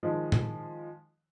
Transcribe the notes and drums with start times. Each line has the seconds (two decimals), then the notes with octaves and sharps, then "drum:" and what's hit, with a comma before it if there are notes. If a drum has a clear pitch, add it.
0.03 D#3 F3 G#3
0.32 drum: tom